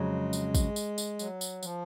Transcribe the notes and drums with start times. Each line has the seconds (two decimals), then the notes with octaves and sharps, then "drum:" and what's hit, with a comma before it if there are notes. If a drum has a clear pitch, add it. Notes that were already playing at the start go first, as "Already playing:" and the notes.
Already playing: F2 C#3 F#3 G#3
0.33 drum: tambourine
0.55 drum: kick, tambourine
0.76 drum: tambourine
0.98 drum: tambourine
1.19 F#3, drum: tambourine
1.41 drum: tambourine
1.63 F3, drum: tambourine